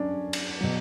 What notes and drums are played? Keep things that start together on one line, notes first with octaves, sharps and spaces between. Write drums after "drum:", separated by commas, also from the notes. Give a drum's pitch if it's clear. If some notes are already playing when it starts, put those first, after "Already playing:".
Already playing: F#3 C#4 D4
drum: cymbal
B2 F#3